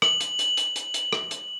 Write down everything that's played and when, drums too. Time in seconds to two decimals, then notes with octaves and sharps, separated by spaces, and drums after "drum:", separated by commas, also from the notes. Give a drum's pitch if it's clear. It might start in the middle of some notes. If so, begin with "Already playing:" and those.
0.02 F#7, drum: rim click
0.21 drum: hi-hat
0.39 drum: hi-hat
0.57 drum: hi-hat
0.76 drum: hi-hat
0.94 drum: hi-hat
1.13 drum: rim click
1.31 drum: hi-hat